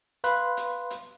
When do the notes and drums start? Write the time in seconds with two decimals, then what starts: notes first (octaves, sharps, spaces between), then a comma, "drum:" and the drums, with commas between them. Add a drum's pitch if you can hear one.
0.24 B4 F5 B5 C6 F#6, drum: hi-hat
0.57 drum: hi-hat
0.90 drum: hi-hat